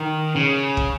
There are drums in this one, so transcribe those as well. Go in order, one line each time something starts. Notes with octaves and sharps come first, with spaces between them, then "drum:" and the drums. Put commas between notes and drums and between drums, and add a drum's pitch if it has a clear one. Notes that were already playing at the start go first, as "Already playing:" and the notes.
Already playing: D#3
C#3
drum: kick